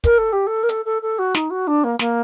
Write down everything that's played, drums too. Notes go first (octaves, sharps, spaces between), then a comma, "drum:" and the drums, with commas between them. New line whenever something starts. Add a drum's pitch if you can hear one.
A#4, drum: kick, hi-hat
A4
G4
A4
A#4
A4, drum: hi-hat
A4
A4
F#4
D#4, drum: snare
F#4
D4
A#3
A#3, drum: snare